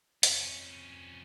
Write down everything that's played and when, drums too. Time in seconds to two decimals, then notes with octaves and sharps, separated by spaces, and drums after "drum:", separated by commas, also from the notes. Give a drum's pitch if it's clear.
0.23 F2 C#4, drum: hi-hat